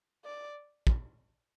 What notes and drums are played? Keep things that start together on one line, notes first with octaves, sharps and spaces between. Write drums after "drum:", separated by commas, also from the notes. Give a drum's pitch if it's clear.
D5
drum: kick